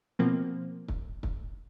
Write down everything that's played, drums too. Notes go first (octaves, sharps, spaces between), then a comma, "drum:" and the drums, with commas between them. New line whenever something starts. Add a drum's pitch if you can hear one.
B2 F3 A#3 C4
drum: kick
drum: kick